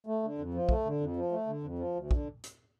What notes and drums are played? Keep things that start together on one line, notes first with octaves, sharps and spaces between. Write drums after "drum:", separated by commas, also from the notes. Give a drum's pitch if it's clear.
A3
D3
F2
F3
A3, drum: kick
D3
F2
F3
A3
D3
F2
F3
D2
D3, drum: kick
drum: hi-hat